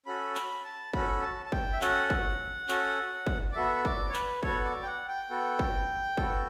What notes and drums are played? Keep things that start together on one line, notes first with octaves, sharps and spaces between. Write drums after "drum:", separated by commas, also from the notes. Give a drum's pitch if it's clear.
C#4 F#4 A4 B5
B5, drum: clap
A5
C#4 F#4 A4 B5, drum: kick
A5
A5
G5, drum: kick
E5
C#4 F#4 A4 F#5, drum: clap
drum: kick
C#4 F#4 A4, drum: clap
drum: kick
D5
B3 F#4 A4 E5
D5, drum: kick
C#5
B4, drum: clap
B3 F#4 A4 C#5, drum: kick
D5
G5
F#5
G5
B3 F#4 A4
drum: kick
B3 F#4 A4, drum: kick